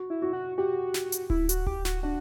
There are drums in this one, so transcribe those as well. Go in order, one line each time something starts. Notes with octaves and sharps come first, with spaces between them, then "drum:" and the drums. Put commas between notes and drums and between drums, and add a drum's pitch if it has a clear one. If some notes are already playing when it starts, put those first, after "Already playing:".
Already playing: F#4
E4
F#4
F#4
F#4 G4
drum: snare
drum: hi-hat
E4, drum: kick D1
F#4, drum: hi-hat
G4, drum: kick D1
F#4, drum: snare
D4 F#4